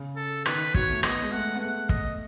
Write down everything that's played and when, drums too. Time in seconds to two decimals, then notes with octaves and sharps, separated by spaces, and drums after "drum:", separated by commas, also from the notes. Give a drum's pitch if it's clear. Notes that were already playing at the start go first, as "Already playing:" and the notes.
Already playing: C#3
0.16 A4
0.46 D#3 B4, drum: rim click
0.74 F#3 C#5, drum: kick
0.89 A3
1.03 B3 D#5, drum: rim click
1.22 G#3
1.32 A3 F#5
1.54 B3
1.60 A3 F#5
1.89 D#5, drum: kick